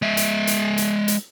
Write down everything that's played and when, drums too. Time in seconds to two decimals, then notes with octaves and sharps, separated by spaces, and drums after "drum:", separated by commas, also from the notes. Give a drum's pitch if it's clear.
0.02 G#3 E5
0.17 drum: hi-hat
0.47 drum: hi-hat
0.78 drum: hi-hat
1.08 drum: hi-hat